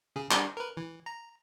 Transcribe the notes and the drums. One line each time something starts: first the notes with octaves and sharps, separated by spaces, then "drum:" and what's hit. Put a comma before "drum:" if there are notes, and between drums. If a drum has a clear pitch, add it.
C#3 G#4
G3 D4, drum: clap
A#4 B4
E3
A#5